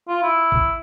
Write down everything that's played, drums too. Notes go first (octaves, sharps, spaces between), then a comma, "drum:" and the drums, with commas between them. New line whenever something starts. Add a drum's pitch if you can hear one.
F4
E4
drum: kick A1